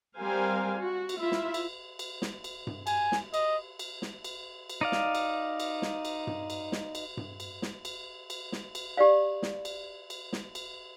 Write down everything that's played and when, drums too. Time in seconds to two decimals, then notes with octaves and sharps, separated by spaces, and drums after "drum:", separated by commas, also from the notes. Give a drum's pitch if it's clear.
0.17 G3 C4 A#4 C5 F5 G#5
0.80 F#4
1.09 drum: cymbal
1.19 E4 F4 E5
1.32 drum: snare
1.54 drum: cymbal
1.99 drum: cymbal
2.22 drum: snare
2.44 drum: cymbal
2.67 drum: tom G2
2.87 G#5, drum: cymbal
3.12 drum: snare
3.34 D#5, drum: cymbal
3.79 drum: cymbal
4.02 drum: snare
4.24 drum: cymbal
4.70 drum: cymbal
4.81 D#4 D5 F5
4.92 drum: snare
5.15 drum: cymbal
5.60 drum: cymbal
5.82 drum: snare
6.05 drum: cymbal
6.27 drum: tom G2
6.50 drum: cymbal
6.72 drum: snare
6.95 drum: cymbal
7.17 drum: tom G2
7.40 drum: cymbal
7.62 drum: snare
7.85 drum: cymbal
8.30 drum: cymbal
8.52 drum: snare
8.75 drum: cymbal
8.97 G4 D5 F5
9.42 drum: snare
9.65 drum: cymbal
10.10 drum: cymbal
10.33 drum: snare
10.55 drum: cymbal